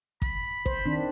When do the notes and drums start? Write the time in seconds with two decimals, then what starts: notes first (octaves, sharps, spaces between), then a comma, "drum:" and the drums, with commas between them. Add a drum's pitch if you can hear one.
0.22 B5, drum: kick
0.66 C5, drum: kick
0.86 D#3 C4 D4